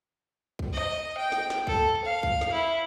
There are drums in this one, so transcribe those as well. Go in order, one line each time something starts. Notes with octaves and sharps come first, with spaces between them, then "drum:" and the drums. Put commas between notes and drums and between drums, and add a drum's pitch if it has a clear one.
drum: kick C2
D#5
G5
drum: snare
drum: snare
A4, drum: kick C2
F5
drum: kick C2
drum: snare
E4